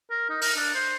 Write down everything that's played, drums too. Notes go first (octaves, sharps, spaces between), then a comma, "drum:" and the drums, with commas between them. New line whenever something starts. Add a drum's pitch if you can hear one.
A#4
D#4
A#4, drum: open hi-hat
D4
C5